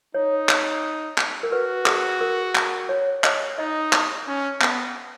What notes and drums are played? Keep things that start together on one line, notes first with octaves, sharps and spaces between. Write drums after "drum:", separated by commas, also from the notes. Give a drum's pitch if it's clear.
D#4 C#5
drum: clap
drum: clap
A#4
F#4 B4
G#4, drum: clap
A#4
drum: clap
C#5
D#5, drum: clap
D#4 D#5
drum: clap
C#4
B3, drum: clap